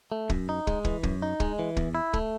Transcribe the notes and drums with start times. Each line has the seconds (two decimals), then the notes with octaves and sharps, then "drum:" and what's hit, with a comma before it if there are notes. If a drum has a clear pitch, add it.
0.12 A3
0.30 F#2, drum: kick
0.49 D#4
0.67 G#3, drum: kick
0.85 E3, drum: kick
1.03 F#2, drum: kick
1.22 D#4
1.40 G#3, drum: kick
1.59 E3
1.77 E2, drum: kick
1.95 E4
2.13 A3, drum: kick